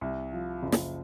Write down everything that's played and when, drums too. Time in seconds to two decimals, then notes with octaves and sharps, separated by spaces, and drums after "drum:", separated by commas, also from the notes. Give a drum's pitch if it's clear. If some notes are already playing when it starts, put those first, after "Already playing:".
0.01 C2
0.33 F3
0.63 F#1
0.72 drum: snare